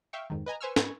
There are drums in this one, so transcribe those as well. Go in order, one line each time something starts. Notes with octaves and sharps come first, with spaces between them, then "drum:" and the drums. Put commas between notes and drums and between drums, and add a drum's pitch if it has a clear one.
E5 F5 G5 C#6
F2 G#2 D#3
B4 D#5 G#5 A#5
B4 C5 G#5 C#6 E6 F6
G#2 B3 B4 G#5 C#6 G#6, drum: snare